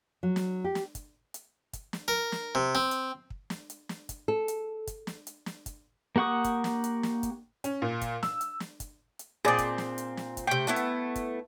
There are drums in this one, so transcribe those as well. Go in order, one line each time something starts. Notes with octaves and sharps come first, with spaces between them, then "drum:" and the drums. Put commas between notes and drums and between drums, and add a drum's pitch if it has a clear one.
F#3
drum: snare
G4
drum: snare
drum: kick, hi-hat
drum: hi-hat
drum: kick, hi-hat
drum: snare
A#4
drum: snare
C3
C4
drum: hi-hat
drum: kick
drum: snare
drum: hi-hat
drum: snare
drum: kick, hi-hat
A4
drum: hi-hat
drum: kick, hi-hat
drum: snare
drum: hi-hat
drum: snare
drum: kick, hi-hat
A#3 G4 F#5 C#6 D#6
drum: kick, hi-hat
drum: snare
drum: hi-hat
drum: snare
drum: kick, hi-hat
C#4, drum: hi-hat
A#2
drum: kick, hi-hat
E6, drum: snare
drum: hi-hat
drum: snare
drum: kick, hi-hat
drum: hi-hat
A#2 C4 G#4 D5
drum: kick, hi-hat
drum: snare
drum: hi-hat
drum: snare
drum: kick, hi-hat
C3 A3 G5
A3 B3 E4
drum: hi-hat
drum: kick, hi-hat